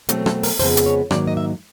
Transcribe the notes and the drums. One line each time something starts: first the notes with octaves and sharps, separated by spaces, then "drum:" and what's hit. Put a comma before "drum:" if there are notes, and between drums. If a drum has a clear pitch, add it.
B2 F#3 A3 C4 A4, drum: hi-hat
A4, drum: rim click
A#4, drum: open hi-hat
F2 C#3 F3 G#3 B3 C5, drum: open hi-hat
drum: hi-hat
C#5
G#2 D#3 F#3 A#3 D5, drum: rim click
D#5
E5